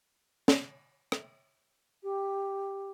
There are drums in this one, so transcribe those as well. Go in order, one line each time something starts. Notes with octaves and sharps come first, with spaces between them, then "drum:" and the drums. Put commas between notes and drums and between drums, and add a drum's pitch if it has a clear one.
drum: snare
drum: rim click
G4